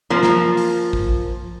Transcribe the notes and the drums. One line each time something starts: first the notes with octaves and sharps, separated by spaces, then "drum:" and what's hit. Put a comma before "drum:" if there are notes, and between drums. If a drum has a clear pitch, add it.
F3 A#3
drum: snare
drum: open hi-hat
drum: kick